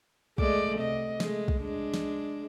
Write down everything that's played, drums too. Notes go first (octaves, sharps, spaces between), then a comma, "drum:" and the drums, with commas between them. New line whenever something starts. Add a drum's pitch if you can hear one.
G#3 A3 D5, drum: kick
C3 D#5
G#3 A3, drum: snare
drum: kick
G#3 D4
drum: snare